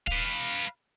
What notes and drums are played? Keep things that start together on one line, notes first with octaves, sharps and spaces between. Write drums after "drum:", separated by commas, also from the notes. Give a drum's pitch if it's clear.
B4 F5, drum: kick